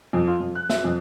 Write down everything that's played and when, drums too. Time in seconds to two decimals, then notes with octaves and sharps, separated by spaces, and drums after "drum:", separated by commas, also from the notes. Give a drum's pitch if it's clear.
0.13 F2
0.27 F4
0.40 F2
0.55 F#6
0.70 E5, drum: snare
0.84 F2